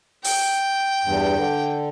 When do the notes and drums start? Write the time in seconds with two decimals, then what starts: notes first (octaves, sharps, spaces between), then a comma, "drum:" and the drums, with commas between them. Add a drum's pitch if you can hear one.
0.24 G5, drum: open hi-hat
1.05 E2 G2
1.37 D3